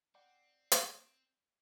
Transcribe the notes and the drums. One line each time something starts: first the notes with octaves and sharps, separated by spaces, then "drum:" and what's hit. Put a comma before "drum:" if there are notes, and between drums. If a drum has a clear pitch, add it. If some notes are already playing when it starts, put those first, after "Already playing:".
C4 D5 F#5 G5
drum: hi-hat